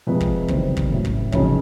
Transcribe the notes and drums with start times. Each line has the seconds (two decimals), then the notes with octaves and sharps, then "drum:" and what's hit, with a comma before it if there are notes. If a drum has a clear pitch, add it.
0.07 F2 C3 F3 G#3 B4
0.20 drum: kick
0.48 F#1 E2 C3 D#3 G3 C5, drum: kick
0.77 drum: kick
0.90 A1 A2 F#3
1.05 drum: kick
1.32 F1 F2 C#3 F#3 C#5, drum: kick